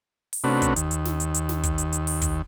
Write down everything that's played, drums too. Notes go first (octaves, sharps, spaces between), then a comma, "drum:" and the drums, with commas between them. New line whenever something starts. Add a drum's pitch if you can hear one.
drum: open hi-hat
C3 A3 C#4 D4 F#4 B4
drum: kick, hi-hat
D#2, drum: hi-hat
drum: hi-hat
drum: snare
drum: hi-hat
drum: hi-hat
drum: snare
drum: kick, hi-hat
drum: hi-hat
drum: hi-hat
drum: open hi-hat
drum: kick, hi-hat